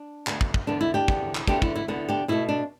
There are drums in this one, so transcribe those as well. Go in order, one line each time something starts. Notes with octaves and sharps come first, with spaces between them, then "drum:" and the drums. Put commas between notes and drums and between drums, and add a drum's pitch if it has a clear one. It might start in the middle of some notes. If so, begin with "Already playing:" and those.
Already playing: D4
D2 D3 B3, drum: clap
drum: kick
drum: kick
E2 D3 B3 D4
E4
D4 G4
E2 D3 B3, drum: kick
drum: clap
D2 D3 B3 D4 G4, drum: kick
E4, drum: kick
E4
D2 D3 B3 E4
D4 G4
B2 A3 E4
D4